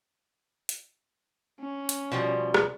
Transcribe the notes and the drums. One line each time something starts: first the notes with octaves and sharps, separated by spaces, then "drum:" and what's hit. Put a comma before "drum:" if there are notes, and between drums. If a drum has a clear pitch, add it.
drum: hi-hat
C#4
drum: hi-hat
B2 F3 G3
drum: rim click